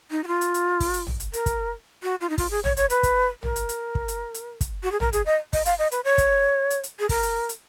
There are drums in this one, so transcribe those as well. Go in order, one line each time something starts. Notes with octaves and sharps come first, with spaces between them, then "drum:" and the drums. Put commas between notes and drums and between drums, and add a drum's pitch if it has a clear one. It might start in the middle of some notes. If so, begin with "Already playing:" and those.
D#4
F#4
F4
drum: hi-hat
drum: hi-hat
drum: kick, open hi-hat
drum: hi-hat
drum: tom
drum: hi-hat
A#4, drum: hi-hat
drum: kick, hi-hat
F#4
F4
D#4
F4, drum: kick, open hi-hat
G#4
C#5, drum: tom
C#5, drum: hi-hat
B4, drum: hi-hat
drum: kick, hi-hat
A#4, drum: tom
drum: hi-hat
drum: hi-hat
drum: kick
drum: hi-hat
drum: hi-hat
drum: kick, hi-hat
F#4
G#4
A#4, drum: tom
G#4, drum: hi-hat
D#5
D#5, drum: kick, open hi-hat
F5, drum: hi-hat
D#5
B4, drum: hi-hat
C#5
drum: kick, hi-hat
drum: hi-hat
drum: hi-hat
G#4
A#4, drum: kick, open hi-hat
drum: hi-hat
drum: hi-hat